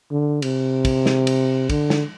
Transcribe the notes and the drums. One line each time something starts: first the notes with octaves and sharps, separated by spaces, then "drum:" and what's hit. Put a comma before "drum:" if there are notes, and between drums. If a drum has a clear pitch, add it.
D3
C3, drum: cymbal
drum: kick, cymbal
drum: snare
drum: cymbal
D3, drum: kick, cymbal
drum: snare